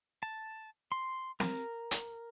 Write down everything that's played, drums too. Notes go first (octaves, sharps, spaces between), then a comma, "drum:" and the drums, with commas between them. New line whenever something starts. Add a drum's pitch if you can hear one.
A5
C6
A#4, drum: snare
drum: hi-hat